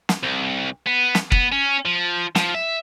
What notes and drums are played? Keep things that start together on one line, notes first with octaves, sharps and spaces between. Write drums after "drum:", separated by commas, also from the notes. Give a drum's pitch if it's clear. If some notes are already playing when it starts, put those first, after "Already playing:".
drum: snare
C2
B3
drum: snare
B3, drum: kick
C#4
F3
F3, drum: snare
E5